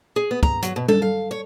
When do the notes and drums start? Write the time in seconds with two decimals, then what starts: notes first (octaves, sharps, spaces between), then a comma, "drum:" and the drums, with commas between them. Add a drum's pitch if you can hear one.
0.16 G#4
0.31 B3
0.43 A#5, drum: kick
0.63 F#3, drum: hi-hat
0.76 B2
0.88 A4, drum: tom G3
1.02 F5
1.31 C#5